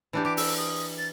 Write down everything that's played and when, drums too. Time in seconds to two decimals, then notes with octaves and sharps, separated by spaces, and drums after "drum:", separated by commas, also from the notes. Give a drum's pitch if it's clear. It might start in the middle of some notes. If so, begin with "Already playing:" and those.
0.13 E3 D4 G4
0.25 G4 D6
0.37 E6, drum: open hi-hat
0.58 D#6
0.98 A6